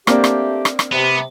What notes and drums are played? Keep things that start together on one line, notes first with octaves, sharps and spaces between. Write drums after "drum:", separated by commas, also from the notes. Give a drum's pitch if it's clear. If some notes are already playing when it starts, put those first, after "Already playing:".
A3 A#3 C4 D4 G4, drum: rim click
drum: rim click
drum: rim click
drum: rim click
C3 B3